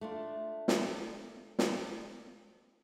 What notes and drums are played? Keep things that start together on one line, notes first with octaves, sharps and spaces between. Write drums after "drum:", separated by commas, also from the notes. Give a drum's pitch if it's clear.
A3 D4 F4
drum: snare
drum: snare